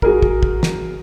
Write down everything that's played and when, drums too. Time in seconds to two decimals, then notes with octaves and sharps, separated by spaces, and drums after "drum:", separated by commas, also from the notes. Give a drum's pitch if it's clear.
0.02 F#4 G#4 A#4, drum: kick
0.22 drum: kick
0.43 drum: kick
0.63 drum: snare